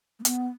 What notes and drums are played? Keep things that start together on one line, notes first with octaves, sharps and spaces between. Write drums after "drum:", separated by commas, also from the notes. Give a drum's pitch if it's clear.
A3
B3, drum: hi-hat